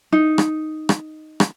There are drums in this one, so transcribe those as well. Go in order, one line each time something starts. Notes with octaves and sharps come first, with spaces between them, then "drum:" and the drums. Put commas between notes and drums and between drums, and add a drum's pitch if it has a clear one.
D#4
drum: rim click
drum: rim click
drum: rim click